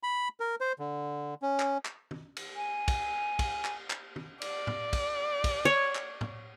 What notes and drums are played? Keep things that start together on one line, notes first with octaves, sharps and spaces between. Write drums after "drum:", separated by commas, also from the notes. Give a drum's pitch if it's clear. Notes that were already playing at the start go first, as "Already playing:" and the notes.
B5
A#4
C5
D3
C#4
drum: clap
drum: clap
drum: tom
drum: cymbal
G#5
drum: kick, cymbal
drum: kick, cymbal
drum: clap
drum: clap
drum: tom
D5, drum: cymbal
drum: tom
drum: kick, cymbal
drum: kick, cymbal
C#5
drum: clap
drum: tom